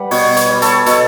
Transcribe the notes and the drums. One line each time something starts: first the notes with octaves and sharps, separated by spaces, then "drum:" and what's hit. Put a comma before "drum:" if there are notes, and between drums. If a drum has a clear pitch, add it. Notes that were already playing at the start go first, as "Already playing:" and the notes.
Already playing: G3 B4 F#5
B2 C#5, drum: open hi-hat
C#5, drum: hi-hat
G3
A4, drum: hi-hat
B2 A4, drum: hi-hat